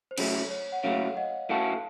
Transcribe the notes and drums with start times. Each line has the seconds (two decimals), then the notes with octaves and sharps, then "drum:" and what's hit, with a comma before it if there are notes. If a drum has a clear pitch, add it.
0.11 C5
0.18 C#3 F#3 A3 C#5, drum: cymbal
0.50 C#5
0.72 F#5
0.83 C#3 F#3 A3 C#5 F5
1.17 D#5 F#5
1.49 A2 A3 C#4 F#4 F5 A5